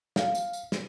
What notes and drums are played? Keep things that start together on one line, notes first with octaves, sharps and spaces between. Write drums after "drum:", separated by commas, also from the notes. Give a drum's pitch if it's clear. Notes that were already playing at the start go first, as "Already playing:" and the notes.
F5, drum: snare
drum: tambourine
drum: tambourine
drum: snare